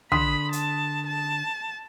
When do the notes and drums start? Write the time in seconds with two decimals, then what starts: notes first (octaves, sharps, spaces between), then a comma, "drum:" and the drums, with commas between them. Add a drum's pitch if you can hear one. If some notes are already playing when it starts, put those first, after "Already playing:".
0.12 D3 B5 C6 D#6 B6, drum: tom
0.53 A5, drum: hi-hat
1.07 A5